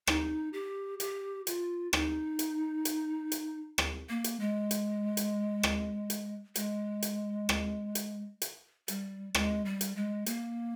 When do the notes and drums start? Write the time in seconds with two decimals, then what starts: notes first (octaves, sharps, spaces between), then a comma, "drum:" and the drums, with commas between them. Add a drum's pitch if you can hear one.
0.07 D#4, drum: rim click
0.53 G4
1.00 G4, drum: hi-hat
1.47 F4, drum: hi-hat
1.93 D#4, drum: rim click
2.39 drum: hi-hat
2.85 drum: hi-hat
3.32 drum: hi-hat
3.78 drum: rim click
4.09 A#3
4.24 drum: hi-hat
4.40 G#3
4.71 drum: hi-hat
5.17 drum: hi-hat
5.63 drum: rim click
6.10 drum: hi-hat
6.56 G#3, drum: hi-hat
7.02 drum: hi-hat
7.49 drum: rim click
7.95 drum: hi-hat
8.42 drum: hi-hat
8.88 G3, drum: hi-hat
9.35 G#3, drum: rim click
9.65 G3
9.81 drum: hi-hat
9.96 G#3
10.26 A#3, drum: hi-hat